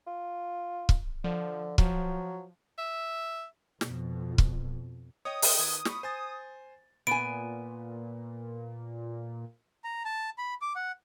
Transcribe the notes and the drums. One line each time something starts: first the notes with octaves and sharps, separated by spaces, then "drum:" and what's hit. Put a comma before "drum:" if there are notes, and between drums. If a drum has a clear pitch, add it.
F4
drum: kick
D3 F3
F3 F#3, drum: kick
E5
F2 B2, drum: snare
drum: kick
C#5 D#5 G5 D#6
D#5 E5 G5, drum: open hi-hat
D#3 B4 G#6
B5 C#6, drum: snare
C5 G#5 A6
A#2 B3 G#5 D7
A#5
A5
B5
D6
F#5